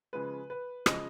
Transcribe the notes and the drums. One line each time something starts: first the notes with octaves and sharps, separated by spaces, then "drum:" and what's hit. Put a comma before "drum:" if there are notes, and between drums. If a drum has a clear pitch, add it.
C#3 F3 G#3 B4
B4
C#3 F3 G#3 D#5, drum: rim click